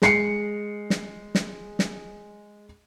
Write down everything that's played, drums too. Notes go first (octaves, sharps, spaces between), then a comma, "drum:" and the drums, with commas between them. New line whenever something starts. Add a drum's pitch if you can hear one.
G#3 C7 C#7, drum: snare
drum: snare
drum: snare
drum: snare